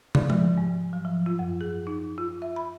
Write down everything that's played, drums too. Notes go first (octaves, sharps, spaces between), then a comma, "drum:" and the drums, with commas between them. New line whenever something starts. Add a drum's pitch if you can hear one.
D5, drum: tom
F3, drum: tom G#3
G#2
F#3
F3
F4
F#2
G#4
D#4
F4
E5
B5